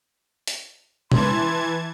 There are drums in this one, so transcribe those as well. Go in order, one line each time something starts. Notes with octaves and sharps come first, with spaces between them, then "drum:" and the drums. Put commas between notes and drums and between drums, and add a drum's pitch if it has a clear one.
drum: hi-hat
E3 A5 C6 G#6, drum: tom B2